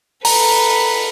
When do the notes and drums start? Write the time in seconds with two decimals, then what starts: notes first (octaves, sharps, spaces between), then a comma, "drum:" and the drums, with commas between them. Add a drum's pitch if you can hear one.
0.25 A4 B4 A#5, drum: open hi-hat